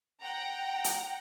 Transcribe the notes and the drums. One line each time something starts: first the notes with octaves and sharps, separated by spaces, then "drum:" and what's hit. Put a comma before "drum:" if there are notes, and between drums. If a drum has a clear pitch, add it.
F#5 G5 A#5
drum: hi-hat